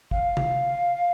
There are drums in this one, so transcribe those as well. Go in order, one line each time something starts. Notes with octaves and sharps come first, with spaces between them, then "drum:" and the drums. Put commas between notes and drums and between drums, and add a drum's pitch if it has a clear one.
F5, drum: kick
drum: tom C3